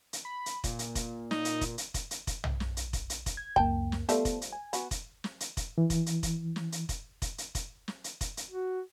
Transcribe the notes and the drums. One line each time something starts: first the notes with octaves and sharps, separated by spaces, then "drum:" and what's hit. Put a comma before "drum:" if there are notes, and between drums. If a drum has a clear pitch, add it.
drum: hi-hat
B5
drum: hi-hat
A#2, drum: kick F1, hi-hat
drum: hi-hat
drum: kick F1, hi-hat
D#4, drum: snare
drum: hi-hat
drum: kick F1, hi-hat
drum: hi-hat
drum: kick F1, hi-hat
drum: hi-hat
drum: kick F1, hi-hat
drum: tom
drum: snare
drum: hi-hat
drum: kick F1, hi-hat
drum: hi-hat
drum: kick F1, hi-hat
G#6
C#2 F#2 A#3 G5 A5, drum: kick F1
drum: snare
F3 G3 A3 B3 A4, drum: hi-hat
drum: kick F1, hi-hat
drum: hi-hat
G#5
B3 F#4, drum: hi-hat
drum: kick F1, hi-hat
drum: snare
drum: hi-hat
drum: kick F1, hi-hat
E3
drum: kick F1, hi-hat
drum: hi-hat
drum: kick F1, hi-hat
drum: snare
drum: hi-hat
drum: kick F1, hi-hat
drum: kick F1, hi-hat
drum: hi-hat
drum: kick F1, hi-hat
drum: snare
drum: hi-hat
drum: kick F1, hi-hat
drum: hi-hat
F#4